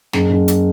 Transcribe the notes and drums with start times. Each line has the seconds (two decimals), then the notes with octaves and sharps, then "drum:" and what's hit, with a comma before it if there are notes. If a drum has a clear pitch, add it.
0.13 F#1, drum: snare
0.30 F#1
0.48 drum: hi-hat